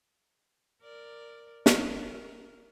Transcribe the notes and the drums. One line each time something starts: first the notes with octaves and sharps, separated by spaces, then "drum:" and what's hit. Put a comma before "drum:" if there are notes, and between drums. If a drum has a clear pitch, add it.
A#4 D5
A#4 D#5 F5, drum: snare